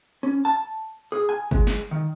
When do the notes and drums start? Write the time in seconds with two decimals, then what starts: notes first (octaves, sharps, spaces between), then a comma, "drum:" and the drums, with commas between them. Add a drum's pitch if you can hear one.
0.23 C#4
0.45 A5
1.12 G#4
1.29 G#5
1.51 G#3, drum: kick G1
1.67 drum: snare
1.91 D#3